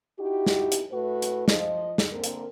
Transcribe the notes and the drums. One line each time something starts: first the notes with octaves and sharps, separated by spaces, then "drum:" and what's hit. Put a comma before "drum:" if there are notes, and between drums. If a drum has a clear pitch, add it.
D#4 E4 F#4 G4
drum: snare
drum: hi-hat
A2 A3 F#4 B4
drum: hi-hat
F3 D#5, drum: snare
drum: snare
D3 A#3 C4 A#4
drum: hi-hat